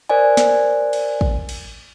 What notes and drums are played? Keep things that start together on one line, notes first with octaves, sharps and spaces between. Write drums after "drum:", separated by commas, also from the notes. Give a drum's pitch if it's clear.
A#4 C5 D5 D#5 G#5
drum: snare
drum: cymbal
drum: kick
drum: cymbal